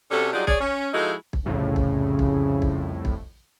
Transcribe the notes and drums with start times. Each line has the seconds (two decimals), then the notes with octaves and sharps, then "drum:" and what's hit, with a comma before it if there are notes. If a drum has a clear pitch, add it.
0.11 C3 C#4 D4 F#4 A4
0.33 F#3 G3 D4 D#4 F4 G#4
0.47 G#4 C#5 D5, drum: kick
0.61 C#4
0.94 F3 G#3 D#4 E4 F#4 A4
1.33 drum: kick
1.45 C2 F2 A2 C#3
1.76 drum: kick
2.19 drum: kick
2.62 drum: kick
3.05 drum: kick